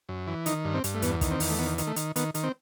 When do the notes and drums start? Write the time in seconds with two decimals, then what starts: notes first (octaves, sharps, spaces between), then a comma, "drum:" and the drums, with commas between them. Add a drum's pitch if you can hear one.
0.09 F#2
0.27 E3
0.46 D#3 D#4, drum: hi-hat
0.65 G2
0.74 C4
0.84 G2, drum: hi-hat
0.94 A3
1.02 E2 B3, drum: hi-hat
1.21 D#3, drum: kick, hi-hat
1.31 C4
1.40 E2, drum: open hi-hat
1.50 A3
1.59 D#3 B3
1.78 D#3, drum: hi-hat
1.87 A3
1.96 D#3, drum: hi-hat
2.16 D#3 B3, drum: hi-hat
2.34 D#3, drum: hi-hat
2.43 C4